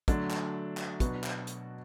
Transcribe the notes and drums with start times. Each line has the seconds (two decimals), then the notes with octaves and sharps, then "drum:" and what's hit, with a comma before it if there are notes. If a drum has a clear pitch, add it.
0.08 D3 F#3 A3 D4, drum: kick, hi-hat
0.31 drum: clap
0.77 drum: clap
1.00 B2 F#3 B3 D4 F#4, drum: kick, hi-hat
1.24 drum: clap
1.47 drum: hi-hat